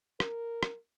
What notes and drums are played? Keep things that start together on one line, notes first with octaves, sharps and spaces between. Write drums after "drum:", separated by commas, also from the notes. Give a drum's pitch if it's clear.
A#4, drum: rim click
drum: rim click